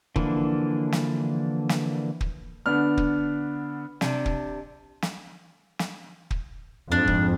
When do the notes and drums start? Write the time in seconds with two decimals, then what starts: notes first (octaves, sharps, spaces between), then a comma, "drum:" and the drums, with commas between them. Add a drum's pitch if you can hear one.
0.16 D3 E3 F3 A#3 D4, drum: kick
0.92 drum: snare
1.69 drum: snare
2.21 drum: kick
2.66 D3 B3 D4 F6
2.97 drum: kick
4.01 C3 D4, drum: snare
4.26 drum: kick
5.02 drum: snare
5.79 drum: snare
6.31 drum: kick
6.92 F2 G#2 D4
7.07 drum: kick